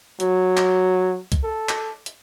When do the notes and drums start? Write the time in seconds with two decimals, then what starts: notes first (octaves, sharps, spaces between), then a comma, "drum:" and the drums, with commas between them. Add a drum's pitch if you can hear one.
0.20 F#3, drum: hi-hat
0.57 drum: clap
1.32 drum: kick C2, hi-hat
1.44 A4
1.69 drum: clap
2.06 drum: hi-hat